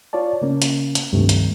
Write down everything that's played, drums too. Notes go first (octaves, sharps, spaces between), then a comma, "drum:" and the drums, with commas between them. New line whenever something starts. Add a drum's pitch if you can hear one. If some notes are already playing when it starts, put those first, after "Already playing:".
F4 C#5 D5 A5
C#3 A#3 C#4
drum: hi-hat
drum: hi-hat
C#2 G2 C3 D#3 F3 A3
drum: hi-hat